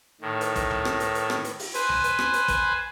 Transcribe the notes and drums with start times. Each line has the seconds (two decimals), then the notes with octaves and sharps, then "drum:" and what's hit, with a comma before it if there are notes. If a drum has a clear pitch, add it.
0.21 A2 D#3
0.41 drum: hi-hat
0.56 drum: kick, hi-hat
0.70 drum: tom C#2
0.85 drum: rim click
1.00 drum: hi-hat
1.15 drum: hi-hat
1.30 drum: rim click
1.45 drum: hi-hat
1.59 drum: open hi-hat
1.74 B4 C5 G#5, drum: hi-hat
1.89 drum: tom C#2
2.04 drum: hi-hat
2.19 drum: rim click
2.33 drum: hi-hat
2.48 drum: kick, hi-hat